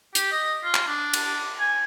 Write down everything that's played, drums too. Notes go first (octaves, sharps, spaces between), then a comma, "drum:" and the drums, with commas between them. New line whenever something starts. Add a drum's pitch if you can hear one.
G4, drum: hi-hat
D#5
F4
drum: clap
D4
drum: cymbal
G#5